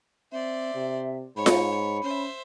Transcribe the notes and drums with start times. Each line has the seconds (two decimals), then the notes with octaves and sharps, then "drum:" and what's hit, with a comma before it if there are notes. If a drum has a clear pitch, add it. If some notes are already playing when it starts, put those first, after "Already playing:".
0.32 C4 C5 D5 E5
0.74 C3
1.37 G#2 C#5 B5
1.46 drum: snare F4
2.03 C#4 C5 E5